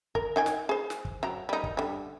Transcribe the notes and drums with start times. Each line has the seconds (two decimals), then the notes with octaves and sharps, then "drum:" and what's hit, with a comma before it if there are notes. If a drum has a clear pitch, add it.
0.15 A#4, drum: kick
0.36 D#3 G5 G#5
0.46 drum: snare
0.69 G#4 C5
0.90 drum: snare
1.05 drum: kick
1.23 F#3 G5 A#5
1.49 G3 D#4
1.64 drum: kick
1.77 D3 G3